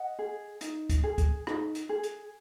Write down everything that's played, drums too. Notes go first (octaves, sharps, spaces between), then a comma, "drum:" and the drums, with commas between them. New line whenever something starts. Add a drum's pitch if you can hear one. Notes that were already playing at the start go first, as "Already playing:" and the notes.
Already playing: D#5 F#5
G#4
D#4, drum: hi-hat
drum: kick D2, hi-hat
G#4
drum: kick D2, hi-hat
D#4, drum: rim click
drum: hi-hat
G#4
drum: hi-hat